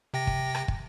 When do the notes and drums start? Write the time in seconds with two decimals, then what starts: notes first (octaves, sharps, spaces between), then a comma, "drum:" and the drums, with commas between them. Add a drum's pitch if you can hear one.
0.14 C3 G5 A#6
0.27 drum: kick
0.55 drum: rim click
0.68 drum: kick